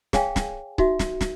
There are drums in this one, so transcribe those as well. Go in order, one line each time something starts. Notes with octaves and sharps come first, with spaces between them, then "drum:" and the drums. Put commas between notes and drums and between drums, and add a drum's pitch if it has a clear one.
G#4 C#5 F5 G5 G#5, drum: snare
drum: snare
D#4 F#4 E5, drum: kick C#1
drum: snare
drum: snare